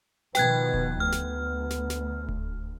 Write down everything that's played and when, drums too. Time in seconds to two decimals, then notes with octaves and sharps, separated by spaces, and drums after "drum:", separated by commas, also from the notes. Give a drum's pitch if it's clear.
0.35 B2 D#3 F3 B4 G5 F#6 G#6, drum: snare
0.74 drum: kick D#1
1.00 D2 B3 F6
1.12 drum: snare
1.70 drum: snare
1.90 drum: snare
2.29 drum: kick D#1